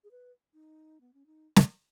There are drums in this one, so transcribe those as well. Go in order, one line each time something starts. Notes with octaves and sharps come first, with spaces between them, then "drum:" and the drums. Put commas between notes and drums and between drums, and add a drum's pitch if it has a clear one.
G#4
B4
D#4
B3
C#4
D#4
drum: snare